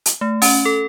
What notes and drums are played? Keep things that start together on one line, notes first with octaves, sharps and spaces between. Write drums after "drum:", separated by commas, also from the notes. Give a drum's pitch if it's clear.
drum: hi-hat
A3
C#4, drum: open hi-hat
A4